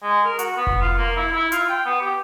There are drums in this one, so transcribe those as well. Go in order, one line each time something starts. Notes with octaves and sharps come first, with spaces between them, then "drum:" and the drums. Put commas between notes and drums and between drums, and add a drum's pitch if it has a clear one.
G#3
A#4
F#4, drum: hi-hat
B3
drum: kick F1
F4
A#3
E4
E4
F4, drum: hi-hat
G5
B3
G4